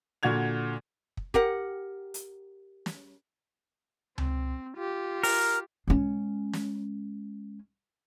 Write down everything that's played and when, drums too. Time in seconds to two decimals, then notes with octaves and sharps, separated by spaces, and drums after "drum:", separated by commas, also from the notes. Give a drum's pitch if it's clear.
0.23 A#2 D3 F#4 G#6 F7
1.17 drum: kick
1.34 G4 A#4 F#5, drum: kick
2.14 drum: hi-hat
2.86 drum: snare
4.18 C4, drum: tom C#2
4.77 F4 G4
5.23 A#4, drum: open hi-hat
5.88 G#3 C#4
6.53 drum: snare